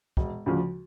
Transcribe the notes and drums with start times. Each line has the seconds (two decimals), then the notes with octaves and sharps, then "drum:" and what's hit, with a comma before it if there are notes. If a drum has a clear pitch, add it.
0.17 E1, drum: kick
0.46 D2 C#3 F3